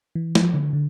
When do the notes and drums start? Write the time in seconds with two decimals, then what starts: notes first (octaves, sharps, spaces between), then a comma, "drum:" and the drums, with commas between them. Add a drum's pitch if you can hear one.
0.15 E3
0.35 F3, drum: snare
0.54 D3
0.73 D3